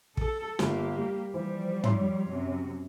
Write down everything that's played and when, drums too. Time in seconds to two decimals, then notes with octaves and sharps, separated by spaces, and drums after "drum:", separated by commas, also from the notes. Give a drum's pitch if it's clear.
0.17 A4, drum: kick
0.59 G1 A#3 G4, drum: snare
0.98 G3
1.34 E3 F3 G3 C5
1.84 C#5 E5 C6, drum: tom
2.28 F#2 C3